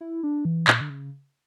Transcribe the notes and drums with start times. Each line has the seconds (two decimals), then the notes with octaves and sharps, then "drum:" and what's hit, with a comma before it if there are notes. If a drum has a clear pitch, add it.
0.01 E4
0.23 D4
0.45 E3
0.68 A#2, drum: clap
0.81 D3
0.90 C#3